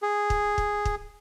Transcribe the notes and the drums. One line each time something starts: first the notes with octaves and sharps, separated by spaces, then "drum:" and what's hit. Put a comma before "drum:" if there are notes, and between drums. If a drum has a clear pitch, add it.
G#4
drum: kick
drum: kick
drum: kick